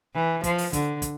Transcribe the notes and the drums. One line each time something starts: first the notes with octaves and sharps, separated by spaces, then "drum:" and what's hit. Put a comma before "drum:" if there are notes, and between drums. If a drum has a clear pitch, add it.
E3
F3, drum: kick, hi-hat
drum: open hi-hat
D3, drum: kick, hi-hat
drum: kick, hi-hat